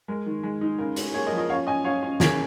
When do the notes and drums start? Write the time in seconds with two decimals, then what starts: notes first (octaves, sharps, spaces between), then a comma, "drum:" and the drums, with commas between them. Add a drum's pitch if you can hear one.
0.08 G#3 A#4
0.26 D#3
0.43 G#3
0.61 D#4
0.78 C#3 A#4
0.96 C#4, drum: hi-hat
1.14 A#3 G#4 C#5
1.25 A#4 D#5
1.32 F3
1.38 A#4 D#5
1.50 C#4 C#5 F5
1.67 C#4 D#5 G#5
1.84 C#4 C#5 F5
2.03 C#4
2.20 A#3 G#4 C#5, drum: snare